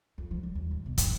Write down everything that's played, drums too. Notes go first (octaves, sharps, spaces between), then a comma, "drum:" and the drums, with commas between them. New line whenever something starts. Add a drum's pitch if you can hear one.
F2
F3
G3
D#2
G#1
B2
G2, drum: kick, hi-hat